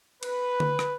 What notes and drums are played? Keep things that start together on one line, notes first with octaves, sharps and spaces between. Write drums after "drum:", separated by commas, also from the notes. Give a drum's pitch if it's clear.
B4, drum: cymbal
drum: tom D3
drum: rim click